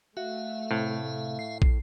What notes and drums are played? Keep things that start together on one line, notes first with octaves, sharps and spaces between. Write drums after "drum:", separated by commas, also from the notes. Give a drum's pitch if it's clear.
A3 F#4 E5 F5
A2 C3
C7
drum: kick